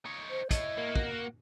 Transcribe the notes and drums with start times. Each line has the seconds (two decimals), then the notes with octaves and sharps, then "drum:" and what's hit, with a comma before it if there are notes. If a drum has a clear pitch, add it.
0.06 D#4 C#5
0.30 C5
0.51 E4 C#5 D#5, drum: kick, hi-hat
0.78 A#3
0.96 F#4, drum: kick